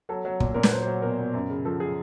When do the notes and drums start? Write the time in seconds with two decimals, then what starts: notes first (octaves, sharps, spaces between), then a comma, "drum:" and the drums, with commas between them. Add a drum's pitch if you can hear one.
0.09 F#3 A4
0.25 F#3
0.40 A#2, drum: kick
0.54 A#2 A#4
0.63 B4, drum: snare
0.71 F#3 C5
0.82 C5
0.87 F#3
1.02 B2 A#4
1.18 B2
1.34 F#2
1.50 C#3
1.65 F3 A4
1.80 G#4